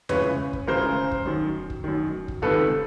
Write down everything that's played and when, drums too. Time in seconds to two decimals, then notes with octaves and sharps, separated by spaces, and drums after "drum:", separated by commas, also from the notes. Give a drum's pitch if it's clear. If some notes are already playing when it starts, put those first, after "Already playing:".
0.09 C#2 C#3 E3 B4 C#5, drum: tom E2
0.53 drum: kick
0.67 C#2 C#3 E3 A#4 C5
1.12 drum: kick
1.25 F#2 D#3
1.70 drum: kick
1.84 F#2 D#3
2.28 drum: kick
2.42 C#2 C3 D#3 A4 B4